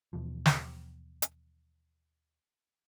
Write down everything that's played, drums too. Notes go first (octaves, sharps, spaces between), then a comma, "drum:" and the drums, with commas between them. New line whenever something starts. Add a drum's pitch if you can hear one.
D#2 B2 E3 F3
drum: snare
drum: hi-hat